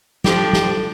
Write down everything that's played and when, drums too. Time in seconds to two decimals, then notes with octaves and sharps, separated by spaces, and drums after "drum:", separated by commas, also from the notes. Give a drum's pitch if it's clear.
0.24 F3 D4 G4 A4, drum: snare
0.53 drum: snare